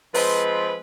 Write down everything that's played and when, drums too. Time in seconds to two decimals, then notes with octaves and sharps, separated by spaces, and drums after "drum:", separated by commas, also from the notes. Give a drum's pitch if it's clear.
0.14 F3 G#3 C4 B4, drum: open hi-hat